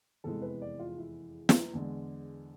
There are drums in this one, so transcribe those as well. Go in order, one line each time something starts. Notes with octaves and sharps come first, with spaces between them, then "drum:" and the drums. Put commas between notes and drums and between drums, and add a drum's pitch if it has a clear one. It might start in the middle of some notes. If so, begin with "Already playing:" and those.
F1 E2 C3 E3 G#3 A4
B4
D5
F4
E4
drum: snare
E2 D3 G#3